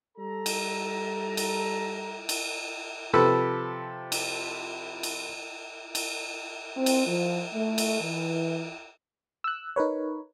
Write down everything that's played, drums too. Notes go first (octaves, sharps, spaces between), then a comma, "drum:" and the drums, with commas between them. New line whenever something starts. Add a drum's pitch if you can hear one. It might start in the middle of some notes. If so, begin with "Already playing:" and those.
G3 A4 A#5
drum: cymbal
drum: cymbal
drum: cymbal
C3 F3 A4 B4 E6
drum: cymbal
drum: cymbal
drum: cymbal
C4
drum: cymbal
F3
A3
drum: cymbal
E3
E6 F#6
D#4 A#4 B4 C#5